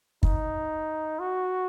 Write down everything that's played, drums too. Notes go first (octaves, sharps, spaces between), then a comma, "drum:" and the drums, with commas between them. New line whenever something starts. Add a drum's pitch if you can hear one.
D#4, drum: kick
F#4